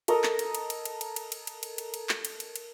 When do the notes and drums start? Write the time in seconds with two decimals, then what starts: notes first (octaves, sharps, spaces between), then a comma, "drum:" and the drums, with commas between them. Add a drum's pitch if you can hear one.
0.08 A4 A#4 D#5 A#5, drum: cymbal
0.24 drum: clap
0.39 drum: cymbal
0.55 drum: cymbal
0.70 drum: cymbal
0.85 drum: cymbal
1.01 drum: cymbal
1.16 drum: cymbal
1.32 drum: cymbal
1.47 drum: cymbal
1.63 drum: cymbal
1.78 drum: cymbal
1.94 drum: cymbal
2.09 drum: clap
2.25 drum: cymbal
2.40 drum: cymbal
2.56 drum: cymbal